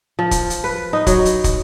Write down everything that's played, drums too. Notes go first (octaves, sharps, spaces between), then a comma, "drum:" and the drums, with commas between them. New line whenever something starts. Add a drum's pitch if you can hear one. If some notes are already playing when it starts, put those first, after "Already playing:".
F3
drum: kick, hi-hat
drum: hi-hat
B4
D#4
F#3, drum: kick, hi-hat
drum: hi-hat
drum: kick, hi-hat